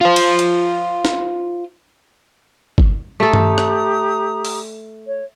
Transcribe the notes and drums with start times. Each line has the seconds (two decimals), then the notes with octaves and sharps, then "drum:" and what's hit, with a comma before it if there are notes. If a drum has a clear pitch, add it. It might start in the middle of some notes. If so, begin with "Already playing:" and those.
0.01 F4 C5
0.16 drum: cymbal
0.39 drum: hi-hat
1.05 drum: snare
2.78 drum: kick G1
3.20 A3 G4 A4 A#5 D#6
3.33 drum: tom G2
3.58 drum: rim click
4.45 drum: open hi-hat
5.06 C#5